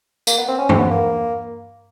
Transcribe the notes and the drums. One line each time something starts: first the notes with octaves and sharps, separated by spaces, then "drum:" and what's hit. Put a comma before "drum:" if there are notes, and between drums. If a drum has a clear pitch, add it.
A#3, drum: tambourine
B3
C4
C#4
C4, drum: tom
B3
A#3